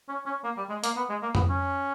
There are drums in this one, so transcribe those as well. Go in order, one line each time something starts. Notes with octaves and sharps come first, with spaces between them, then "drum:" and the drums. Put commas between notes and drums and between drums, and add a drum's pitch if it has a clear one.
C#4
C#4
A#3
G3
G#3
A#3, drum: hi-hat
B3
G#3
A#3
B3, drum: tom F2
C#4